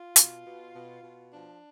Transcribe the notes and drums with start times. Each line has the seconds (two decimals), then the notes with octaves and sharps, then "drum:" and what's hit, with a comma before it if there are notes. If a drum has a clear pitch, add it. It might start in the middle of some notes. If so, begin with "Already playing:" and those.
Already playing: F4
0.16 B2, drum: hi-hat
0.45 B2
0.74 B2
1.03 B2
1.32 F3 D4